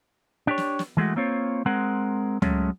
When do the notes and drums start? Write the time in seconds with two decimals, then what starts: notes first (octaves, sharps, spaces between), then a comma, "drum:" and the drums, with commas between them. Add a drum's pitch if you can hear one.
0.47 D4 G4 C#5
0.58 drum: snare
0.79 drum: snare
0.97 E3 G#3 A3 F#4
1.16 A#3 C4 F4 C#5
1.66 G#3 C4 A#4 F#5
2.42 F#3 G#3 A3 C#4, drum: tom C#2